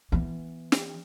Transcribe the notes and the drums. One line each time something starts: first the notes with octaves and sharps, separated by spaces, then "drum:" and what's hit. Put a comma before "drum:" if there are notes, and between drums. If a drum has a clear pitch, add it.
E3 B3
drum: snare